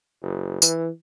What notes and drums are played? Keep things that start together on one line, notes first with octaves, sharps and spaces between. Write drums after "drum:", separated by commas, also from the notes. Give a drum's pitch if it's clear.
F#1
E3, drum: tambourine